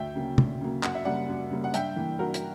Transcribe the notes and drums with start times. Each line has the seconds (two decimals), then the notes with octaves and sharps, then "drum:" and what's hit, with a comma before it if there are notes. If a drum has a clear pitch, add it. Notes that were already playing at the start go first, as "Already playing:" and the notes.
Already playing: D2 E5 G5
0.15 C#3 F#3 A#3
0.38 D2, drum: tom
0.61 C#3 F#3 A#3
0.83 F#2 F#5, drum: clap
0.95 E5
1.05 C#3 G3 A#3 D5 F#5
1.29 F#2
1.51 C#3 G3 A#3
1.64 F#5
1.74 G2 E5 G5, drum: hi-hat
1.96 E3 A#3
2.19 G2 F#4 A#4
2.34 drum: hi-hat